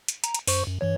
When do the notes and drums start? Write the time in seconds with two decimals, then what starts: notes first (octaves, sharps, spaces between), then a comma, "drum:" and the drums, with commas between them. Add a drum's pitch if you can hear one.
0.08 drum: hi-hat
0.24 A#5, drum: hi-hat
0.34 drum: hi-hat
0.48 F#2 C5 C#6, drum: open hi-hat
0.68 F#2
0.81 G2 E3 C#5